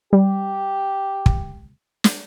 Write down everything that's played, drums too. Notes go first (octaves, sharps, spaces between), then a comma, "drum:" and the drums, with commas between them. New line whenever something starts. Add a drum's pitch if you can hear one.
G3 G4
drum: kick
drum: snare